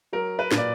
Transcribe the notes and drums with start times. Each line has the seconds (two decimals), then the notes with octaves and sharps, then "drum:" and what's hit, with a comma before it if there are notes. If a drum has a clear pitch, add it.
0.13 F#3 A#4
0.39 B4
0.51 A#2, drum: snare
0.58 D5